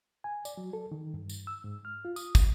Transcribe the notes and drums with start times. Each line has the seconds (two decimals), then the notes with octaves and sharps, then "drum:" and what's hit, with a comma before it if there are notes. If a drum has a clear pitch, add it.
0.24 G#5
0.45 D5, drum: tambourine
0.57 F#3
0.73 A4
0.92 D#3
1.14 G2
1.29 drum: tambourine
1.47 E6
1.64 G#2
1.85 F6
2.05 F4
2.16 D#6, drum: tambourine
2.35 drum: kick, tambourine